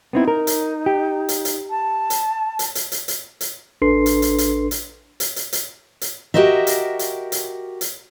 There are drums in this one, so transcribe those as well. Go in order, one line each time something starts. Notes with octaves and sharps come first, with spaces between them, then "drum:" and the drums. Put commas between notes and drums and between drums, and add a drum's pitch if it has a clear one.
B3 C4 D#4 E4
A#4
drum: hi-hat
G4
drum: hi-hat
drum: hi-hat
A5
drum: hi-hat
drum: hi-hat
drum: hi-hat
drum: hi-hat
drum: hi-hat
drum: hi-hat
A1 D4 A4 B4 C6 C7
drum: hi-hat
drum: hi-hat
drum: hi-hat
drum: hi-hat
drum: hi-hat
drum: hi-hat
drum: hi-hat
drum: hi-hat
F#4 G4 A#4 D#5 E5
drum: hi-hat
drum: hi-hat
drum: hi-hat
drum: hi-hat